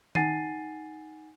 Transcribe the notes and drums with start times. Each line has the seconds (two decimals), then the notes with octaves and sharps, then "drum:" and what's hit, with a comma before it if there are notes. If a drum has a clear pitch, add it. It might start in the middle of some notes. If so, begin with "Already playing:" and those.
0.15 D#4 F#5 G#5 A6 C7 D#7, drum: tom D#3